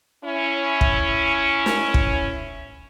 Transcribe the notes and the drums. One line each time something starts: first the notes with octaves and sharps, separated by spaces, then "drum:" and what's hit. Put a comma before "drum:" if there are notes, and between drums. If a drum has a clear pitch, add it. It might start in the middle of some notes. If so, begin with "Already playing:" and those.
C#4 E4
drum: kick
drum: snare
drum: kick